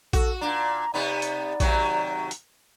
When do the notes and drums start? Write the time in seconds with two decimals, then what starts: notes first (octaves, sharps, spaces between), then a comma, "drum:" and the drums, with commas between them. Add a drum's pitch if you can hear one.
0.13 F#4 A4, drum: kick A#1, hi-hat
0.41 A#2 D4 A#5
0.94 C3 B3 D#4 D5
1.22 drum: hi-hat
1.60 C3 D#3 F#3, drum: kick A#1, hi-hat
2.31 drum: hi-hat